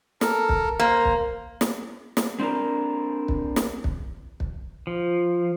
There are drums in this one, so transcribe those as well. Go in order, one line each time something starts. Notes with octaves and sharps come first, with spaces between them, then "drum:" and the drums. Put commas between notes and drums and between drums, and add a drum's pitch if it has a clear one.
A4 A#4, drum: snare
drum: kick
A#3 C5
drum: kick
drum: snare
drum: snare
C4 D4 A#4
drum: kick
drum: snare
drum: kick
drum: kick
F3